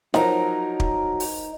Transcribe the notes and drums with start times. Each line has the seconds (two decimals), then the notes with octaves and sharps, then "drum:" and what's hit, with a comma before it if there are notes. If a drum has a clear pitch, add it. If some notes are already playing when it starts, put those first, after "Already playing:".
0.14 F3 F#3 D#4 A#4, drum: snare
0.80 drum: kick
1.20 drum: open hi-hat